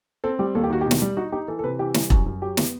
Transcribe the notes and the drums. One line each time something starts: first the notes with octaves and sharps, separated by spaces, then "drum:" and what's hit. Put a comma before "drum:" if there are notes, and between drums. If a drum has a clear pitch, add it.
C4 A4
G3 G4
D#2 A4
G4
D#3 F#4
B2 G4
drum: snare
G3
D#4 F#4
D#4 G4
E3 A4
A4
C3 B4
E3 G4
G3, drum: snare
F#2 F#4, drum: kick E1
F#2
F#3 G4
B3, drum: snare